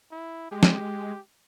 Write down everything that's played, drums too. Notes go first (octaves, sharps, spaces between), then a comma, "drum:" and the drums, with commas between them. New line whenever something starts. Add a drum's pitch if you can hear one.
E4
G#3 G4
drum: snare